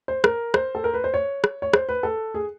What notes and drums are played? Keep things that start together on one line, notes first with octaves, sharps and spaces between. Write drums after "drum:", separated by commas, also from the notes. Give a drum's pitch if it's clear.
C5
A#4, drum: rim click
C5, drum: rim click
A4
A#4
B4
C5
C#5
drum: rim click
C#5
C5, drum: rim click
B4
A4
G#4